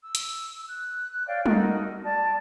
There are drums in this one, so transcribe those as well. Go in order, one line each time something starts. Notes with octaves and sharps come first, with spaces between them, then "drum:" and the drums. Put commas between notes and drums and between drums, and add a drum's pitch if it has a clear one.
E6
drum: hi-hat
F#6
C#5 D5 F5 G5
D#4 F#4 A4 A#4, drum: tom G3
D5 A5